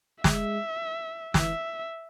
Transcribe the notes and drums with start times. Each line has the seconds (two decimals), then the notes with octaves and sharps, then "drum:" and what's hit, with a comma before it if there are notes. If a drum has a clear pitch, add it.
0.24 G#3 E5, drum: snare
1.34 E3 E5, drum: snare